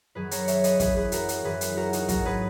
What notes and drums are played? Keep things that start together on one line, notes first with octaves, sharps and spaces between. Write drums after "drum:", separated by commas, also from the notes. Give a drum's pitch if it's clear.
F#2 D#3 F#3 G#4 B4
A#4 C#5, drum: hi-hat
C#5 E5, drum: hi-hat
B4 D#5, drum: hi-hat
F#2 E3 G#4 B4, drum: kick, hi-hat
G#4 B4
F#4 A#4, drum: hi-hat
drum: hi-hat
F#2 E3 G#4 B4
drum: hi-hat
F#4 A#4
D#4 F#4, drum: hi-hat
G#2 F#3 F#4 A#4, drum: kick, hi-hat
G#4 B4